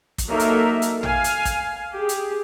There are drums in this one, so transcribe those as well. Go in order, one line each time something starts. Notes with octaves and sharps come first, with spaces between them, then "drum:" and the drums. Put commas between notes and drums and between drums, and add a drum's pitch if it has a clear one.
drum: kick, hi-hat
F#3 A#3 D#4 A4 A#4 E5
drum: hi-hat
drum: hi-hat
F5 G#5, drum: tom
drum: hi-hat
drum: kick, hi-hat
G4 G#4
drum: hi-hat